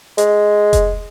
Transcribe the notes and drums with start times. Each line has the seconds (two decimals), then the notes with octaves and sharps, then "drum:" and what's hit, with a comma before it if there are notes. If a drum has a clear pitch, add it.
0.18 G#3, drum: hi-hat
0.73 drum: kick F1, hi-hat